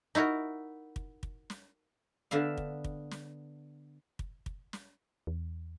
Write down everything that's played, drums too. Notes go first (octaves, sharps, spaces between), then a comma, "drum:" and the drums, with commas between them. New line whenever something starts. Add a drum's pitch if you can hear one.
D#4 E4 F#4 A#4
drum: kick
drum: kick
drum: snare
D3 B3 E5 F5
drum: kick
drum: kick
drum: snare
drum: kick
drum: kick
drum: snare
E2